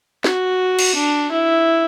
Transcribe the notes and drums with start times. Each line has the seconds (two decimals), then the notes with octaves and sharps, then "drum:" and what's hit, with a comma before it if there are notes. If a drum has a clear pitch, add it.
0.24 F#4, drum: snare
0.79 drum: cymbal
0.95 D4
1.32 E4